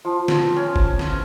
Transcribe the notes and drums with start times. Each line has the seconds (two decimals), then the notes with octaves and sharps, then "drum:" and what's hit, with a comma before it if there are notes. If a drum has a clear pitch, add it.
0.05 F3
0.28 drum: snare
0.56 C#4
0.76 drum: kick
0.99 drum: snare